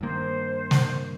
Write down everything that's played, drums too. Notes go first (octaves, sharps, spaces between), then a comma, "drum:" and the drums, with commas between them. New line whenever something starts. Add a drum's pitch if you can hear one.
G2 D#3 A#3 C5
drum: snare